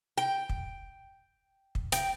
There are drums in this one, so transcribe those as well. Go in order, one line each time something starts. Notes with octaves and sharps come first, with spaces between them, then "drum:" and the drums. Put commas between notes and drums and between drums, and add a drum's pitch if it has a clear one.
G5
drum: kick
drum: kick
G5, drum: hi-hat